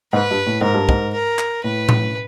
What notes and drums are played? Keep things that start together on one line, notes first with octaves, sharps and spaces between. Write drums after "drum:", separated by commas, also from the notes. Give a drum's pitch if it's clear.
G#2 B4
G2
A2
G#2 A#4
G2
G#2, drum: kick
A#4
drum: clap
A2 B4
drum: tom A2